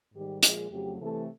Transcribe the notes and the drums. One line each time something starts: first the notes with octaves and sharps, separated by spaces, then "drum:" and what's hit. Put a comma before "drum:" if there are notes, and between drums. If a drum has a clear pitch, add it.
G#2 D#3 G3 G4
A#2 F3 G#3 G#4, drum: hi-hat
F2 C#3 F#3 A3 G4
C3 E3 A3 A4